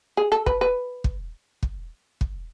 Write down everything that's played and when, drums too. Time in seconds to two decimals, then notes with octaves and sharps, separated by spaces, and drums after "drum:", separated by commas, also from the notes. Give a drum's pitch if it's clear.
0.17 G#4
0.32 A4
0.46 B4, drum: kick
0.61 B4
1.04 drum: kick
1.63 drum: kick
2.21 drum: kick